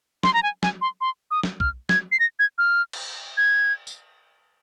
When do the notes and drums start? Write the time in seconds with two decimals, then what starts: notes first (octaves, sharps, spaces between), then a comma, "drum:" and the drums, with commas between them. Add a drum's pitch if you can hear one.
0.23 C6, drum: snare
0.34 A#5
0.43 G#5
0.63 G#5, drum: snare
0.81 C6
1.01 C6
1.31 D#6
1.43 drum: snare
1.60 F6, drum: kick
1.89 G#6, drum: snare
2.12 C7
2.20 A#6
2.39 G#6
2.58 F6
2.93 drum: cymbal
3.37 G#6
3.87 drum: tambourine